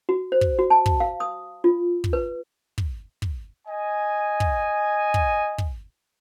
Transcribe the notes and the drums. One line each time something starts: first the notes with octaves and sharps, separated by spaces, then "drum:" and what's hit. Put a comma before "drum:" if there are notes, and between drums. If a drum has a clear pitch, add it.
F#4
C5
drum: kick
F#4
A5
drum: kick
F5
D#6
F4
drum: kick
B4
drum: kick
drum: kick
D#5 G#5
drum: kick
drum: kick
drum: kick